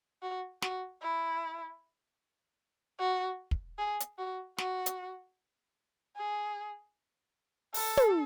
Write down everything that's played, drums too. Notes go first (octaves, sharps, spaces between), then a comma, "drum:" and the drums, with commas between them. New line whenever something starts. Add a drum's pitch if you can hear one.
F#4
F#4, drum: snare
E4
F#4
drum: kick
G#4
drum: hi-hat
F#4
F#4, drum: snare
drum: hi-hat
G#4
A4, drum: open hi-hat
drum: tom